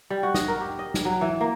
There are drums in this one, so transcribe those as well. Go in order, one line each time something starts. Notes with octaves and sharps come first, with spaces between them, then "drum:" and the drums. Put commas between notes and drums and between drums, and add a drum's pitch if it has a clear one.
G3
F#4
D#5, drum: snare
A#4
G4
D#5
drum: snare
F#3
E3
A#3